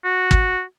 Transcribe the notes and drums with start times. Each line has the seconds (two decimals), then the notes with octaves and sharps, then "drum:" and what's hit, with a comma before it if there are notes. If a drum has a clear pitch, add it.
0.04 F#4
0.31 drum: kick